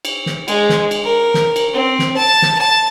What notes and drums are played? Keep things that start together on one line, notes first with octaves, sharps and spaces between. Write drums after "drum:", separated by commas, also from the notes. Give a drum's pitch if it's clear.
drum: cymbal
drum: snare
G#3, drum: cymbal
drum: snare
drum: cymbal
A#4
drum: snare
drum: cymbal
C4
drum: snare
A5
drum: snare
A5